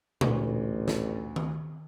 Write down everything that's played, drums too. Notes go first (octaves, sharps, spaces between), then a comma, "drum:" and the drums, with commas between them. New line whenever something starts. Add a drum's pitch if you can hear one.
A1 D2, drum: tom A#2
drum: snare
drum: tom D#3